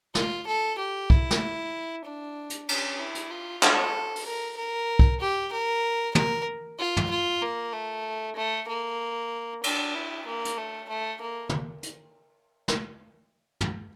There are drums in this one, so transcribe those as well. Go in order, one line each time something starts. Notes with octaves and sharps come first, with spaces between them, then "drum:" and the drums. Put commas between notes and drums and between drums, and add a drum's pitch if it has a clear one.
F4, drum: snare
A4
G4
E4, drum: kick C2
drum: snare
D4
drum: hi-hat
C#4, drum: cymbal
E4
drum: hi-hat
F4
A4, drum: clap
drum: open hi-hat
A#4
A#4
drum: kick C2
G4
A#4
A#4, drum: tom
F4
drum: tom
F4
A#3
A3
A3
A#3
D4, drum: cymbal
E4
A#3
drum: hi-hat
A3
A3
A#3
drum: tom
drum: hi-hat
drum: snare
drum: tom